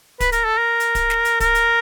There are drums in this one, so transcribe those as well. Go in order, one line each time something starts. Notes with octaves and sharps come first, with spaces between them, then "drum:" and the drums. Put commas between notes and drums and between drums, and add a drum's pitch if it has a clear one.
B4, drum: kick D1, hi-hat
A#4, drum: hi-hat
A4
A#4
drum: hi-hat
drum: kick D1, hi-hat
drum: snare
drum: hi-hat
A#4, drum: kick D1, hi-hat
drum: hi-hat